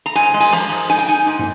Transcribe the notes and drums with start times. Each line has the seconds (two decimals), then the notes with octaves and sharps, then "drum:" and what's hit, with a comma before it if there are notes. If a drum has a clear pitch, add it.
0.06 A#5
0.15 G#2 G#5, drum: hi-hat
0.34 G#3
0.40 G#5, drum: open hi-hat
0.52 F3 A#5
0.71 G#2
0.89 D#4 G#5, drum: hi-hat
0.99 G5
1.08 D#4 G#5
1.27 G#2
1.39 drum: tom